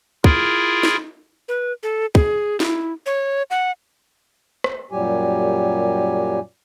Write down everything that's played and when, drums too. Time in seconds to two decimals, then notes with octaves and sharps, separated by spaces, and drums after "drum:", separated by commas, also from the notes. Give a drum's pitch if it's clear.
0.24 E4 F4 G#4 A#4, drum: kick
0.83 drum: snare
1.48 B4
1.83 A4
2.15 G#4, drum: kick
2.60 E4, drum: snare
3.06 C#5
3.50 F#5
4.64 drum: rim click
4.91 F#2 A#2 F#3 G3 G4 G#5